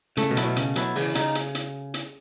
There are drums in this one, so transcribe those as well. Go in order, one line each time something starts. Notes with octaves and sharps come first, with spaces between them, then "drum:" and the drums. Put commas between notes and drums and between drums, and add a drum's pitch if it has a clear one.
C#3 A3, drum: hi-hat
B2
F#3 B3 E4, drum: hi-hat
B2
C#3, drum: hi-hat
F#3 B3 E4, drum: hi-hat
C#3 E3, drum: open hi-hat
C#3 D#4, drum: hi-hat
drum: hi-hat
drum: hi-hat
drum: hi-hat